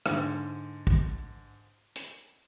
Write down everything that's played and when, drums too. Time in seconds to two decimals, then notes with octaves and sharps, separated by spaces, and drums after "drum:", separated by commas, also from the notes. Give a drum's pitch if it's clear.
0.06 G#2 D3, drum: rim click
0.87 drum: kick
1.96 drum: hi-hat